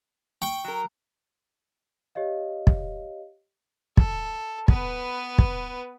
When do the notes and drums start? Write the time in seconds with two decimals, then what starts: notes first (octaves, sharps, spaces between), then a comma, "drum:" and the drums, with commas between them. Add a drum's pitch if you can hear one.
0.42 G5 C#6
0.64 F#3 A#4
2.15 G4 C#5 D#5 F5
2.67 drum: kick
3.97 A4, drum: kick
4.68 B3 B4, drum: kick
5.38 drum: kick